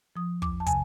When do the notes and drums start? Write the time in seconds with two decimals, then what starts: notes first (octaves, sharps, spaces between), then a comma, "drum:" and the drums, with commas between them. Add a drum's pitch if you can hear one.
0.16 F3 D#6
0.42 E2 D6, drum: kick
0.60 A5
0.66 C3 G#5, drum: kick, hi-hat